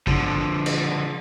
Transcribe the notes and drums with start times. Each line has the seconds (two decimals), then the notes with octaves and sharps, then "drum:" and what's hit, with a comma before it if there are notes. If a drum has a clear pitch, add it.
0.07 D3 F3, drum: kick G#1
0.66 drum: cymbal